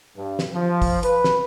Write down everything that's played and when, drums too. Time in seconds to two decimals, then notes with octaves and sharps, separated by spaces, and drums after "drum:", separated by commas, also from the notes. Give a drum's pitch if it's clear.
0.17 G2
0.39 drum: snare
0.54 F3
0.82 drum: kick, open hi-hat
1.03 B4, drum: hi-hat
1.24 drum: snare